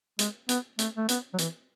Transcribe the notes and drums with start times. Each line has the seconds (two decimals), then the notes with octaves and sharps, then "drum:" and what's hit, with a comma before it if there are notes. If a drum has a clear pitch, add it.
0.19 G#3, drum: hi-hat
0.49 B3, drum: hi-hat
0.79 A3, drum: hi-hat
0.96 A3
1.09 B3, drum: hi-hat
1.34 F#3
1.38 E3, drum: hi-hat